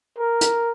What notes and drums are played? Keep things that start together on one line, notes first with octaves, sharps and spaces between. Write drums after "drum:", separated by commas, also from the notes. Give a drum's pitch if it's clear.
A#4
drum: hi-hat